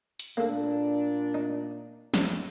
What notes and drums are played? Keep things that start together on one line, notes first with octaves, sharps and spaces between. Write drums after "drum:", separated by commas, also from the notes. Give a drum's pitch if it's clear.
drum: hi-hat
A#2 A#3 D4 A4
D#4
drum: snare